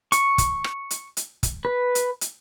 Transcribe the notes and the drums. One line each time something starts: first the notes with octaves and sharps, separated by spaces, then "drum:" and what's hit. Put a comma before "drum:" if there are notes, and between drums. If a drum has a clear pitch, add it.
C#6, drum: hi-hat
drum: kick, hi-hat
drum: rim click
drum: hi-hat
drum: hi-hat
drum: kick, hi-hat
B4
drum: hi-hat
drum: hi-hat